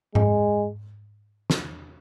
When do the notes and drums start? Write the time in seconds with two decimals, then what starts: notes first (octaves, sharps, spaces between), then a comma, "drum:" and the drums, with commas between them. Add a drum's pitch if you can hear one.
0.15 G#3, drum: tom G#2
1.50 drum: snare